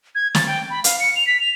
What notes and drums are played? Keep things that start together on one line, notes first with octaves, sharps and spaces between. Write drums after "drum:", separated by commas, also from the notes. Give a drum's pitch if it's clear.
G#6
A6, drum: snare
G5
B5
F5, drum: hi-hat
C#7
F7
B6
F7